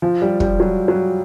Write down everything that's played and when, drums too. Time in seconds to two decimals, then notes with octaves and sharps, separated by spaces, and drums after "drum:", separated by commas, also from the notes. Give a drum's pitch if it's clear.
0.02 F3
0.22 G3
0.40 G3, drum: kick
0.60 F#3
0.88 F#3